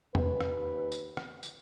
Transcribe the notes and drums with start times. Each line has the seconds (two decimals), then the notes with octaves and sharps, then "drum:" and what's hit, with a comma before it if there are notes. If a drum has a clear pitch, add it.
0.15 D#2 B4, drum: tom
0.40 drum: rim click
0.92 drum: tambourine
1.17 drum: rim click
1.43 drum: tambourine